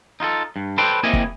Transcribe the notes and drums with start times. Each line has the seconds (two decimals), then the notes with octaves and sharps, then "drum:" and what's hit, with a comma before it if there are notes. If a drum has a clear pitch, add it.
0.20 D#4 F4 G#4 A4
0.56 G2
0.78 A4 B4 C5 D5 G5
1.03 A#3 C4 E4 G4 D#5 G#5
1.13 drum: kick